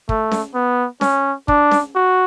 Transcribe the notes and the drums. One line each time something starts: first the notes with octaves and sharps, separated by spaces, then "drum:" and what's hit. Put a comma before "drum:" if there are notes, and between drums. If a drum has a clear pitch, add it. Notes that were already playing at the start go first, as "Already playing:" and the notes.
A3, drum: kick
drum: snare C#4
B3
C#4, drum: snare C#4
D4, drum: kick
drum: snare C#4
F#4